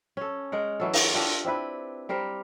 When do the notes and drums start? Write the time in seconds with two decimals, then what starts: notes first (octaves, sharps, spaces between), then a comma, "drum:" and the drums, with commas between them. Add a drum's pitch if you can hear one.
0.17 C#4 A4
0.52 G#3 A#4 F#5
0.80 E3 F#3 A4
0.93 drum: open hi-hat
1.14 D4 F4 G4 A4
1.45 C4 D4 E4 B4
2.09 G3 G4 A#4 C5